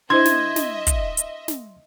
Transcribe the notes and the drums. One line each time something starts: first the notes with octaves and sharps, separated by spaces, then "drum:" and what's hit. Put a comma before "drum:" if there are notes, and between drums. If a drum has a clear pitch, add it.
D4 E4 C5 D#5 E5 C6 G#6
drum: snare
drum: snare
drum: kick, hi-hat
drum: hi-hat
drum: snare